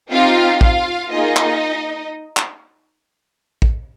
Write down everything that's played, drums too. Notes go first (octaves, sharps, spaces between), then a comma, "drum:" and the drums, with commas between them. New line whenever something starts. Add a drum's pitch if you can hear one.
C4 D#4 F4 G4 F5
F4 F5, drum: kick
A#3 D#4 F4 G#4 D#5
drum: clap
drum: clap
drum: kick